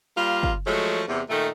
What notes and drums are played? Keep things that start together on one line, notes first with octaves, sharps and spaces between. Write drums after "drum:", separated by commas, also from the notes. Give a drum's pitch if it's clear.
G3 A#3 F4
drum: kick
F3 F#3 G#3 A3
E2 C3
A#2 D#3 A3